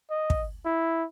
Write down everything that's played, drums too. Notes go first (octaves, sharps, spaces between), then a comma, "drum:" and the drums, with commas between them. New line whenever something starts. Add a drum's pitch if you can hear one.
D#5
drum: kick
E4